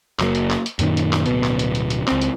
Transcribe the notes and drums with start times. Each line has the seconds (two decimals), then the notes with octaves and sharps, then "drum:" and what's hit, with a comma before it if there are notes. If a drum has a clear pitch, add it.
0.19 F#1 F#3 A#3, drum: clap
0.35 drum: hi-hat
0.50 drum: clap
0.66 drum: hi-hat
0.79 F#2 A#2 D3 D#3, drum: hi-hat
0.97 drum: hi-hat
1.13 drum: clap
1.26 D1 B2 B3, drum: hi-hat
1.44 drum: clap
1.59 drum: hi-hat
1.75 drum: hi-hat
1.90 drum: hi-hat
2.07 C#2 C4, drum: clap
2.22 drum: hi-hat